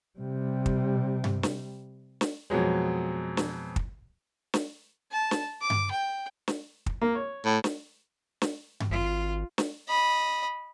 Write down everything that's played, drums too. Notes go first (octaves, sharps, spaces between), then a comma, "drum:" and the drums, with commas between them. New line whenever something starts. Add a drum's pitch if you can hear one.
C3 G3
drum: kick
drum: tom G2
drum: snare
drum: snare
F2 B2 F#3 G#3
drum: snare
drum: kick
drum: snare
A5
drum: snare
D6
drum: tom G2
G5
drum: snare
drum: kick
A#3
C#5
A2
drum: snare
drum: snare
drum: tom G2
G#1 F4
drum: snare
D#5 B5